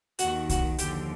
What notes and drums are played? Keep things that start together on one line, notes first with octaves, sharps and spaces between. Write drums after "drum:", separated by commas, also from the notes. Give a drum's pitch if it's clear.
D#2 D#3 F#4, drum: hi-hat
F#4, drum: kick, hi-hat
D#2 D3 F3 G4, drum: hi-hat